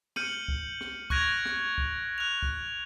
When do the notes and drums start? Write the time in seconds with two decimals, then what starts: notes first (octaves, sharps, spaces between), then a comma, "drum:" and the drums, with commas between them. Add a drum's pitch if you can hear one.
0.16 F6 G6 C#7 D#7 F#7, drum: rim click
0.48 drum: kick C#2
0.81 drum: rim click
1.10 C#6 F#6 G#6 A#6 D7 F7, drum: kick C#2
1.45 drum: rim click
1.78 drum: kick C#2
2.18 F#6 F7
2.43 drum: kick C#2